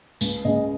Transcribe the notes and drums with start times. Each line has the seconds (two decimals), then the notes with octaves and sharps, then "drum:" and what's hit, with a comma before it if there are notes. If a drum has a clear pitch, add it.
0.21 C#2, drum: tambourine
0.45 C#3 G#3 D#5